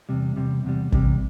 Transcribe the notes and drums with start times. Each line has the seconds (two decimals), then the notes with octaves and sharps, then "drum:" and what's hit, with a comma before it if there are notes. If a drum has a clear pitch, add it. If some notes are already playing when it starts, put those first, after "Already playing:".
0.09 E2 C3 G3
0.36 E2 C3 G3
0.65 E2 C3 G3
0.92 E2 C3 G3, drum: kick